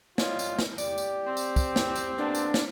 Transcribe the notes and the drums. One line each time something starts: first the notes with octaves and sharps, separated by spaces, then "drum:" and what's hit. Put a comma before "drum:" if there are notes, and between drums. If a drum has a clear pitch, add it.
G3 F4 C#5 D#5, drum: snare
drum: tambourine
drum: snare
G4 D5, drum: tambourine
drum: tambourine
C4
drum: tambourine
drum: kick, tambourine
drum: snare
drum: tambourine
A#3 B3 D4 A4
drum: tambourine
drum: snare